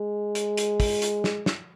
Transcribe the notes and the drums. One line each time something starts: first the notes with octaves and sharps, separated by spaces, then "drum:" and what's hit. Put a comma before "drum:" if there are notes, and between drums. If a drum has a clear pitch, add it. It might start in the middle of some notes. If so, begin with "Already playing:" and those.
Already playing: G#3
drum: hi-hat
drum: hi-hat
drum: kick, open hi-hat
drum: hi-hat
drum: snare
drum: snare